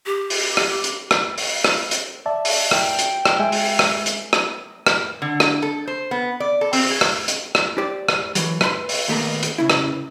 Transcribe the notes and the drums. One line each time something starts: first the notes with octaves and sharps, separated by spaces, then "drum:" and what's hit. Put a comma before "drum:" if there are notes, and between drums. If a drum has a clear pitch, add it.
G4
drum: open hi-hat
drum: rim click
drum: hi-hat
drum: rim click
drum: open hi-hat
drum: rim click
drum: hi-hat
D5 E5 A5
drum: open hi-hat
G5, drum: rim click
drum: hi-hat
drum: rim click
G#3 E5 G#5
drum: open hi-hat
drum: rim click
drum: hi-hat
drum: rim click
drum: rim click
D3
drum: rim click
A4
C5
B3
D5
A4
C4, drum: open hi-hat
G#4
drum: rim click
drum: hi-hat
drum: rim click
G4 C5 D5
drum: rim click
E3 F#3, drum: hi-hat
B4 C5 B5 C6, drum: rim click
drum: open hi-hat
D#2 A#2 A3 B3 A#4
drum: hi-hat
C#3 E4
drum: rim click